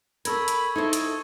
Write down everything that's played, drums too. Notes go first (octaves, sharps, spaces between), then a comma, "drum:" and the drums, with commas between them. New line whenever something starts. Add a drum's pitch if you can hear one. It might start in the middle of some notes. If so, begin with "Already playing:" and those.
A4 A#4 B5 C#6 E6 G#6, drum: hi-hat
drum: hi-hat
D#4 E4 A4 C5 C#6 G#6
drum: hi-hat